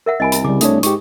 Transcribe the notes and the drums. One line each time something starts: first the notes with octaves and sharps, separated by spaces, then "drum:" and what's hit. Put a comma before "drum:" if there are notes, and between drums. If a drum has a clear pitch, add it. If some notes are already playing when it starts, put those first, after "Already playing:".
A#4 E5 F#5
C2 D#5 G#5 B5
E4 B5, drum: hi-hat
C#3 G3 D6
A3 D4 C#5 D#6, drum: hi-hat
G#2 G4 C#6, drum: hi-hat